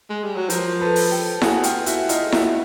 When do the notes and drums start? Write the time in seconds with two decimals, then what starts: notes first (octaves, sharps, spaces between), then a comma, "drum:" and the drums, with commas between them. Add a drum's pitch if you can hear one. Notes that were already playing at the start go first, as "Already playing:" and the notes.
0.10 G#3
0.24 G3
0.37 F#3
0.50 F3 A#4 C5, drum: hi-hat
0.81 A4 B4
0.96 drum: open hi-hat
1.11 G4 A4
1.42 F#4 G#4, drum: snare E4
1.63 F4 G4, drum: hi-hat
1.86 E4 F#4, drum: hi-hat
2.09 D#4 F4, drum: hi-hat
2.32 E4 F#4, drum: snare E4